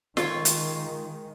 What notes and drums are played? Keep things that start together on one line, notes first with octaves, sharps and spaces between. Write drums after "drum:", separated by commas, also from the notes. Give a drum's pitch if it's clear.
D#3 G#3 F4 C#5, drum: snare
drum: hi-hat